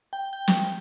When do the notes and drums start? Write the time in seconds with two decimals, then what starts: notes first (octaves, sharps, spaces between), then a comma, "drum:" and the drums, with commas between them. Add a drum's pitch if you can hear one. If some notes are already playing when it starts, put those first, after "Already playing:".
0.13 G5
0.33 G5
0.48 drum: snare